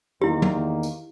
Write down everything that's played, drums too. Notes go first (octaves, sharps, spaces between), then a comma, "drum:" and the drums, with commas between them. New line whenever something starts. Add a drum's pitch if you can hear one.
E2 D#3 A#3 E4 G4
drum: tom
drum: tambourine